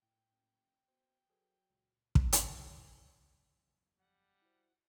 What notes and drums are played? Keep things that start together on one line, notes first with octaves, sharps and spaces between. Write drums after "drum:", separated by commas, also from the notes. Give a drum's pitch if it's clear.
A2 G5
F#1
B2 C5
F#3 G#4 A4 B4
C#2 A#2
drum: kick
drum: hi-hat
F#1 E2 E3
F3 G3 F#5
E4 F#4 C5